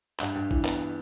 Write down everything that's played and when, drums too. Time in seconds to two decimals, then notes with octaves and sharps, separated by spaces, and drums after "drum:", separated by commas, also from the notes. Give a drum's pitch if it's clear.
0.20 G2, drum: clap
0.35 G2
0.51 E3, drum: kick
0.65 B3, drum: clap